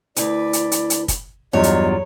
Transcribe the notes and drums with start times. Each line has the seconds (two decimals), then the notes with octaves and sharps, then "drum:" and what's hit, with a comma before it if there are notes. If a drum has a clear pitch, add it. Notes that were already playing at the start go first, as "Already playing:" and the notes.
0.16 D2 E4 B4 D5, drum: hi-hat
0.53 drum: hi-hat
0.72 drum: hi-hat
0.90 drum: hi-hat
1.08 drum: kick, hi-hat
1.53 E2 G2 F#3 F4 C#5 D#5
1.63 drum: hi-hat